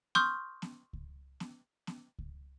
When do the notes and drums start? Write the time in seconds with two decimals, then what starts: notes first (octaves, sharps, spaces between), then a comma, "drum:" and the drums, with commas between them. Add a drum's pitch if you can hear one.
0.15 C6 C#6 D#6 F6 G6, drum: snare B3
0.62 drum: snare B3
0.93 drum: kick C#2
1.40 drum: snare B3
1.87 drum: snare B3
2.19 drum: kick C#2